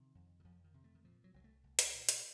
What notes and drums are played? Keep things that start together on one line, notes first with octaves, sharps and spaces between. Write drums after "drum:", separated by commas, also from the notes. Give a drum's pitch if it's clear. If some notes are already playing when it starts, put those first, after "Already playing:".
Already playing: C3 D#3
F2
D#3
F2 F3
D#3
C3
A3
D#3
A#2 F3
F#3
C2 F#3
A3
C2
drum: hi-hat
A#2
drum: hi-hat